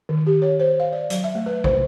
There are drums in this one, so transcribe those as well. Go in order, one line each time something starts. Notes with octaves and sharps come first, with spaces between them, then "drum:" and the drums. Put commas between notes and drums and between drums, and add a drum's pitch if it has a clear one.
D#3
G4
C#5
C5
F5
D5
F#3, drum: hi-hat
E5
A3
B4
C5, drum: kick